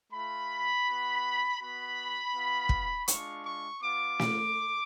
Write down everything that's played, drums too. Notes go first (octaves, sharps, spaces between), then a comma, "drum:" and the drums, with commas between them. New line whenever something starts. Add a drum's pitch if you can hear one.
A3 F4 B5
B3 F#4
B3 F#4 B5
B3 F4
drum: kick
G#3 D4 F4 C#6, drum: hi-hat
C#6
B3 F4 D6
drum: snare